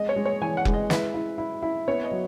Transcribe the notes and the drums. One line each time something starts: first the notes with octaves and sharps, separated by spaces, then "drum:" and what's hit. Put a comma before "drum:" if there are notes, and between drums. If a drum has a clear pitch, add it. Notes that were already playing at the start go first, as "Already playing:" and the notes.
Already playing: G#3 D#5
C#5
G#3
C#5
E3 G#5
F#5
G#3, drum: kick F1
D#5
E4 B4, drum: snare
E4
E4
E4
B3 C#5
D#5
F#3